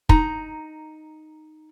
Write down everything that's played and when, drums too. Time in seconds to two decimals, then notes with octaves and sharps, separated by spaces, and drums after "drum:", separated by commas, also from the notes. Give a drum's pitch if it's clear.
0.09 D#4 A#5, drum: kick